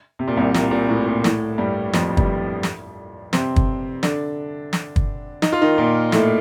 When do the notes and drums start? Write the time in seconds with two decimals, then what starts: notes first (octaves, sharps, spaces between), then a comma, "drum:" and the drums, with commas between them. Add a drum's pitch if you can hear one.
0.19 C3
0.28 A#2
0.36 C2 C3
0.54 A#2, drum: snare
0.71 A#2
0.89 A2
1.06 A#2
1.24 A2, drum: snare
1.58 G2 G3
1.93 F2 F3, drum: snare
2.17 G2 G3, drum: kick
2.63 drum: snare
3.33 C3 C4, drum: snare
3.56 drum: kick
4.03 D3 D4, drum: snare
4.73 drum: snare
4.96 drum: kick
5.42 D#4, drum: snare
5.52 F4
5.61 D#3 D#4
5.78 A#2 A#3
6.12 A2 A3, drum: snare